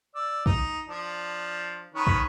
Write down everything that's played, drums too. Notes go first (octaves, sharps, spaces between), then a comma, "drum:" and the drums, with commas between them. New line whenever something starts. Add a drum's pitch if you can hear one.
D5 E6
D#4, drum: kick
F3 D4
D#3 C#4 B4
drum: kick